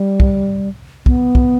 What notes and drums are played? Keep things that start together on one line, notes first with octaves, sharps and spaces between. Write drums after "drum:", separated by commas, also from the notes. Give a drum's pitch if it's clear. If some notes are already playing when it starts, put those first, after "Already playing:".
Already playing: G3
drum: kick
B3, drum: kick
drum: kick